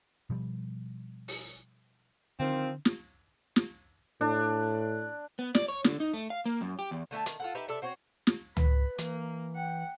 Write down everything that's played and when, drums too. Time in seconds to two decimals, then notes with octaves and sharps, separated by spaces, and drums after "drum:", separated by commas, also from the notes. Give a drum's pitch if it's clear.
0.30 B2 F3 G3
1.28 drum: open hi-hat
2.40 D3 D#3 F3 C4
2.85 drum: snare
3.56 drum: snare
4.21 A2 D4
5.39 B3
5.55 D5, drum: snare
5.68 C#5
5.84 D3, drum: snare
6.00 D#4
6.13 A3
6.30 F5
6.46 A#3
6.61 F#2
6.79 G4
6.91 E2
7.11 D3 A3 E5 A5
7.26 D#3, drum: hi-hat
7.40 F4 A4 F#5
7.55 D#4 G4 B4 E5
7.68 C3 A4 D5 E5
7.82 C4 F#4 C5 C#5
8.27 drum: snare
8.57 B4 B5, drum: tom C#2
8.99 E3 A#3, drum: hi-hat
9.56 F#5 G5